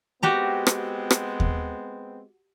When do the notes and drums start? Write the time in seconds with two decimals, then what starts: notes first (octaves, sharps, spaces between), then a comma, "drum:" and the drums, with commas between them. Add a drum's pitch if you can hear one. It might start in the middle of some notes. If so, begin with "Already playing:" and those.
0.23 G#3 B3 C4 F#4 G4 A#5
0.67 drum: rim click
1.11 drum: rim click
1.40 drum: kick D#2